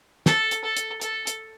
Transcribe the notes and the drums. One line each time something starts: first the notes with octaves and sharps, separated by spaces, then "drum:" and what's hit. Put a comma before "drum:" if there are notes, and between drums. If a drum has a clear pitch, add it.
A4, drum: snare
drum: hi-hat
A4
drum: hi-hat
A4, drum: hi-hat
drum: hi-hat